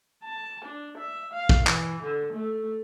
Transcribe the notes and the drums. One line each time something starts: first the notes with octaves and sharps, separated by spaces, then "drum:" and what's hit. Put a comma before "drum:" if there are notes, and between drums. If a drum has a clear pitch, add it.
A5
D4
E5
F5
drum: kick
E3, drum: clap
D3
A3